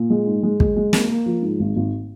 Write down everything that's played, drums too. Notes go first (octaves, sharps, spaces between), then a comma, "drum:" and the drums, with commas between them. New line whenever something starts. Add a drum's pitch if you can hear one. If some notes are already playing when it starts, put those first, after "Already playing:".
Already playing: A#2
G#3
G#2
G#3
G#3, drum: kick
G#3
A#3, drum: snare
A#3
F3
G#2
G#1
G#1